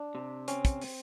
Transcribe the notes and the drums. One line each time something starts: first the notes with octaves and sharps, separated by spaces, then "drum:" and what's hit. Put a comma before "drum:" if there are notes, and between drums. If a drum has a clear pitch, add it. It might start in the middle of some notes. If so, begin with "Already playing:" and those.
Already playing: D4
C3
C4 C#4, drum: hi-hat
drum: kick, hi-hat
drum: open hi-hat